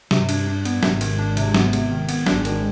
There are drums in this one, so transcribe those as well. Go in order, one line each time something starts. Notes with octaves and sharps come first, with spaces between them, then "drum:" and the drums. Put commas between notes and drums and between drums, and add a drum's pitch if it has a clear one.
G2 C3, drum: snare
D4, drum: cymbal
D4
B3, drum: cymbal
G#1 G#2 C3, drum: snare
D#3, drum: cymbal
D4
C3, drum: cymbal
B3, drum: snare
C3, drum: cymbal
D#3
B3, drum: cymbal
G#1 G#2 D4, drum: snare
D#3, drum: cymbal